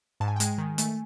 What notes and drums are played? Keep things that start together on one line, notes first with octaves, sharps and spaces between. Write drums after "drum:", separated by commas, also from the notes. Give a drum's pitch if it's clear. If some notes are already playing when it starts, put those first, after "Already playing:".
G#2 A5
G#5
G5
G#3 G#5, drum: hi-hat
D#3
A3, drum: hi-hat